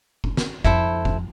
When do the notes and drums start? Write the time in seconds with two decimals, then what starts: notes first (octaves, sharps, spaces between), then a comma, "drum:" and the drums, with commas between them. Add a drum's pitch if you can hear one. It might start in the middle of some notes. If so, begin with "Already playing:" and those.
0.24 drum: kick F1
0.37 drum: snare
0.65 F2 E4 A4 C5, drum: kick F1
1.05 drum: kick F1